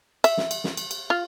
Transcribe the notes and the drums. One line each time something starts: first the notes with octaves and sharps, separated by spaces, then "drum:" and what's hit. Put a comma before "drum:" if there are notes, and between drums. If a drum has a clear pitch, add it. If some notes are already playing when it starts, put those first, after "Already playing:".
E5, drum: cymbal
drum: snare
drum: cymbal
drum: snare
drum: cymbal
drum: cymbal
F4